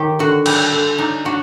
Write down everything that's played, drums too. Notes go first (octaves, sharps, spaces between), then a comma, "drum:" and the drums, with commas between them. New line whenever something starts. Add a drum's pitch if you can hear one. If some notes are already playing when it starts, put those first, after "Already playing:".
Already playing: D#3 G4
D3 F#4
G3, drum: cymbal
D3
D4 D#4
D4 F#4